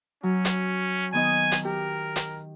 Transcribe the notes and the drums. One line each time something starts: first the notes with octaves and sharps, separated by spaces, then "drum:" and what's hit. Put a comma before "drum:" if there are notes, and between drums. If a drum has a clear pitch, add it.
F#3 C#4
drum: hi-hat
D#3 B3 D#5 G#5
drum: hi-hat
G4 A#4
drum: hi-hat